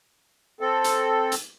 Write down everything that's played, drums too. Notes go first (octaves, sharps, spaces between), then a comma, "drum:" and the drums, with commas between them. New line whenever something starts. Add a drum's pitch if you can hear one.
C4 A4
drum: hi-hat
drum: hi-hat